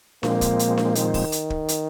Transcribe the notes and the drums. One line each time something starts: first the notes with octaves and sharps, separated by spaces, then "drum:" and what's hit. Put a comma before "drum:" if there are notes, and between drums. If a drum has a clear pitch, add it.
A#2 F3 G#3 A#3 C4, drum: snare D4
drum: kick, hi-hat
drum: hi-hat
drum: snare D4
D#3, drum: hi-hat
drum: kick, open hi-hat
drum: hi-hat
drum: kick
drum: hi-hat